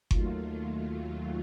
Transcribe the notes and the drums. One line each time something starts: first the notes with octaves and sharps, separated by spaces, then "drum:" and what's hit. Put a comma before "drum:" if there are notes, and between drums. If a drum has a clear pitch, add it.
D#2 D#3 F#3 A3 F4, drum: kick G1